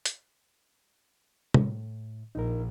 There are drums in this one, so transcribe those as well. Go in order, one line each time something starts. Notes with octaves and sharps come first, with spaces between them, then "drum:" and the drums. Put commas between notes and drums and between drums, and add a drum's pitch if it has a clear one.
drum: hi-hat
A2, drum: tom
A#1 D#4 A#4